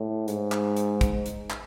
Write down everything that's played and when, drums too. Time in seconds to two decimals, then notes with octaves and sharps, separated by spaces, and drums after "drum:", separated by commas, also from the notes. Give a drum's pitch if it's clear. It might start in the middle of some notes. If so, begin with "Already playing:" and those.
Already playing: A2
0.28 G#2, drum: hi-hat
0.52 drum: clap
0.76 drum: hi-hat
1.01 drum: kick, hi-hat
1.26 drum: hi-hat
1.50 drum: clap